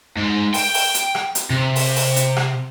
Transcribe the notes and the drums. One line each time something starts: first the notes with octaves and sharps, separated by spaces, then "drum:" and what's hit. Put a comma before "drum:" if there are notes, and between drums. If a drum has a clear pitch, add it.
G#2
G5, drum: open hi-hat
drum: open hi-hat
drum: hi-hat
drum: rim click
drum: hi-hat
C3
drum: open hi-hat
drum: open hi-hat
drum: hi-hat
drum: rim click